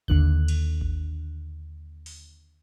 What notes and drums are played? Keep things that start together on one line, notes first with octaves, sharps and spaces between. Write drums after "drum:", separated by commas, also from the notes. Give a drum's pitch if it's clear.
D#2 D3 F#6, drum: kick G#1
drum: cymbal
drum: kick G#1
drum: open hi-hat